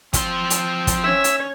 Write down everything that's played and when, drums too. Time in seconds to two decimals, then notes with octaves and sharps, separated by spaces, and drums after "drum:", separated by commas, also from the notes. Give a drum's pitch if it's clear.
0.13 F3 C4 C6, drum: kick, hi-hat
0.50 drum: hi-hat
0.87 drum: kick, hi-hat
1.04 C#4 C#5 E5 E6
1.24 drum: hi-hat